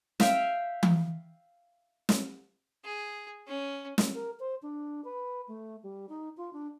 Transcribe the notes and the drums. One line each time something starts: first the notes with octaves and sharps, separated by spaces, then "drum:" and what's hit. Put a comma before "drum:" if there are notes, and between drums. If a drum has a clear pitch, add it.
E5 F5 G5, drum: snare
drum: tom E3
drum: snare
G#4
C#4
drum: snare
A#4
C5
D4
B4
A3
G3
D#4
F4
D4